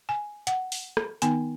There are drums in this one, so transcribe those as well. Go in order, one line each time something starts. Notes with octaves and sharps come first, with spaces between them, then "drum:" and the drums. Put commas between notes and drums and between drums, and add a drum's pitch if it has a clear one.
G#5
F#5, drum: hi-hat
drum: open hi-hat
drum: rim click
D#3 B3 D#4 G#5, drum: hi-hat